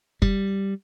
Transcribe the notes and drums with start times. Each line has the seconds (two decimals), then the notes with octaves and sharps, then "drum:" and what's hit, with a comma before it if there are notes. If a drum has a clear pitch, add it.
0.22 G3, drum: kick F#1